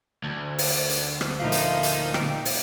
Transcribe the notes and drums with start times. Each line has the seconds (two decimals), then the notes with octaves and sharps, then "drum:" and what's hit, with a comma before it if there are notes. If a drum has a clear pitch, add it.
0.24 D2
0.58 drum: open hi-hat
0.90 drum: hi-hat
1.21 drum: rim click
1.40 A#2 F3 A3 D#4 F4 F5
1.52 drum: hi-hat
1.83 drum: hi-hat
2.14 G5, drum: rim click
2.45 drum: open hi-hat